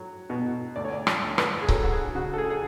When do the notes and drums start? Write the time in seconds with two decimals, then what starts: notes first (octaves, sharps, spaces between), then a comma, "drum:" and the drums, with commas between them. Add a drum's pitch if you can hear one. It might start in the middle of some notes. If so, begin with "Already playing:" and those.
Already playing: F#3
0.30 B2
0.76 D2 D5
0.85 C#5
0.92 D5
1.07 C#5, drum: rim click
1.22 D2
1.38 B4, drum: rim click
1.62 G#4
1.68 F#3 A4, drum: kick C#1
1.83 F#4
1.92 G#4
2.15 C#3 F#4
2.34 A4
2.38 G#4
2.50 G#4